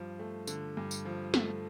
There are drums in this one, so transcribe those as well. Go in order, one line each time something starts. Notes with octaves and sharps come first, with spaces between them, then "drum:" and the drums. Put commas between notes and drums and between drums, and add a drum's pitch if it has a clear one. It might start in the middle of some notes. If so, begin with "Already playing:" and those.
Already playing: G2 F3
A3
D3, drum: tambourine
G2
drum: tambourine
F3
A3, drum: snare